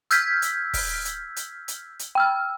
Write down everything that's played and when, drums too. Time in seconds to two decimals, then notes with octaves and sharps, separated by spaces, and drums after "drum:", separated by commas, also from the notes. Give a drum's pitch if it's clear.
0.11 E6 F6 G6 G#6 B6, drum: hi-hat
0.42 drum: hi-hat
0.74 drum: kick, open hi-hat
1.05 drum: hi-hat
1.36 drum: hi-hat
1.68 drum: hi-hat
1.99 drum: hi-hat
2.15 G5 E6 F6